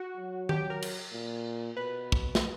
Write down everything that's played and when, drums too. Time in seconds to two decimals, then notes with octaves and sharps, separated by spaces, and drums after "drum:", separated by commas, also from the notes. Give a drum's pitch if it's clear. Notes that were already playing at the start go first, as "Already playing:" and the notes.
Already playing: F#4
0.17 F#3
0.49 G4, drum: tom D#3
0.70 A#4
0.82 drum: cymbal
1.13 A#2
1.76 B2 B4
2.12 drum: kick
2.35 drum: snare